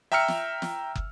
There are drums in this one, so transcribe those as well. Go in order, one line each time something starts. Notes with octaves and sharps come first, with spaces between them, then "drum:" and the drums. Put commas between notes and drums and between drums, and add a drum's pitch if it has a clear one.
E5 G5 A#5 E6 F6 C#7
drum: snare
drum: snare
drum: kick